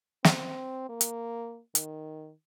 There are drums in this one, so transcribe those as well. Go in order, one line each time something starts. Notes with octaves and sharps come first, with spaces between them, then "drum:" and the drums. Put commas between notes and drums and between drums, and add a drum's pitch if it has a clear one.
C4, drum: snare
A#3
drum: hi-hat
D#3, drum: hi-hat